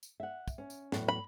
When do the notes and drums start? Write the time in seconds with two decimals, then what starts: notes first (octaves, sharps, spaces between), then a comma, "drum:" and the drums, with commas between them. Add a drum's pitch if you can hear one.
0.03 drum: tambourine
0.20 E5 F#5
0.48 drum: kick, tambourine
0.58 C#4
0.70 drum: tambourine
0.92 E2 A2 F#3, drum: snare
1.08 B5